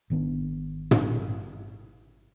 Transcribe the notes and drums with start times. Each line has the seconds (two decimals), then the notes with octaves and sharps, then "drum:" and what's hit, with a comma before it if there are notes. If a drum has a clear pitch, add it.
0.10 G#1 D#3 B3 D4
0.91 drum: tom